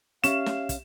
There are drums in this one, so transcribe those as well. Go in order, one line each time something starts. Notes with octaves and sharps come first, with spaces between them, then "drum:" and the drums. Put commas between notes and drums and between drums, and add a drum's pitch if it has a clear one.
C#4 G4 E5 F5 E7, drum: hi-hat
drum: snare
drum: kick, hi-hat